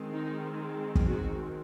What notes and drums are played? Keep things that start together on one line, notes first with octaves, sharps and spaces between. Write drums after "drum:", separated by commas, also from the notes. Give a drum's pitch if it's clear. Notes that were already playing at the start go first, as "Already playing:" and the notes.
Already playing: D#3 G#3 C4
D#4
drum: kick
F#4